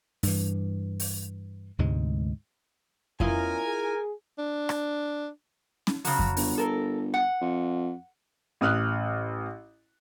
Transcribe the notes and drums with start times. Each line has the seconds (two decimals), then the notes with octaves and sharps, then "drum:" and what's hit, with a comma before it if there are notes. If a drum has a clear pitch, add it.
0.23 G2 E3, drum: open hi-hat
1.00 drum: open hi-hat
1.79 D2 G#2 C3 G#3
3.20 E3 B3 C#4 E4 F4 A#4 D#5 G#5, drum: kick F2
3.65 G#4
4.39 D4
4.69 drum: rim click
5.87 drum: snare C#4
6.05 C#3 F#3, drum: open hi-hat
6.19 drum: kick F2
6.37 G1, drum: open hi-hat
6.58 A4 A#4
7.14 F#5
7.41 F2
8.61 A1 D#6 F6 F#6